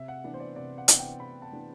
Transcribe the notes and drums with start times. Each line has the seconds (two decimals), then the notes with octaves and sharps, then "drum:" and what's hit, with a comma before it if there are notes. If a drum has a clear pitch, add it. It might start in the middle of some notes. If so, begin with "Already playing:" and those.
Already playing: C3 E5
0.08 F#5
0.24 E3 B3 D4
0.34 C5
0.40 D5
0.56 C3 D5
0.78 F#5
0.88 E3 B3 D4 F#5, drum: hi-hat
0.99 G5
1.20 C3 B5
1.42 A5
1.53 E3 B3 D4